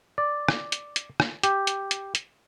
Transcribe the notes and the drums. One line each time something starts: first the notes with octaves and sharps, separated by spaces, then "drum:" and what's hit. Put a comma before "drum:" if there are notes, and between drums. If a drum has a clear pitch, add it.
D5
drum: rim click
drum: hi-hat
drum: hi-hat
drum: rim click
G4, drum: hi-hat
drum: hi-hat
drum: hi-hat
drum: hi-hat